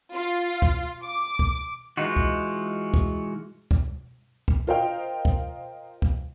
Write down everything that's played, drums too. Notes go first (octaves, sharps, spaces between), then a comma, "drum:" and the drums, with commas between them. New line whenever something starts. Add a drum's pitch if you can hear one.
F4
drum: kick
D6
drum: kick
E3 G#3 D#4 F4 F#4
drum: kick
drum: kick
drum: kick
drum: kick
F4 A#4 C5 D#5 F5 G5
drum: kick
drum: kick